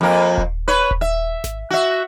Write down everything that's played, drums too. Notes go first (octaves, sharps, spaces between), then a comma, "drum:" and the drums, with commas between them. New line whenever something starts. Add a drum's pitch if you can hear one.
F2 A#3
drum: kick D#1
B4 C#5
drum: kick D#1
E5
drum: snare G#1
F#4 E5